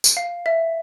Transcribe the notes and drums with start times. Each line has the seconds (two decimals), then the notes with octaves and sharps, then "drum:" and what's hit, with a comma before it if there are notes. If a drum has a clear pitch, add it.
0.04 drum: tambourine
0.17 F5
0.46 E5